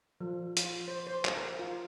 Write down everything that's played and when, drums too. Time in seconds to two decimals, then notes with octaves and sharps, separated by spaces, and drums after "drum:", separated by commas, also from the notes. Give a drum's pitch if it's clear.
0.20 F3
0.57 F4, drum: hi-hat
0.88 C5
1.07 C5
1.25 drum: clap
1.37 A#4
1.59 F4